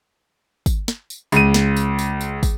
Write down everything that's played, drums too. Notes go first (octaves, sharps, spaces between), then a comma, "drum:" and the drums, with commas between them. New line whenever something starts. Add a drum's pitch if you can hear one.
drum: kick, tambourine
drum: snare
drum: tambourine
C#2 D#7, drum: tambourine
drum: snare
drum: tambourine
drum: tambourine
drum: tambourine
drum: kick, tambourine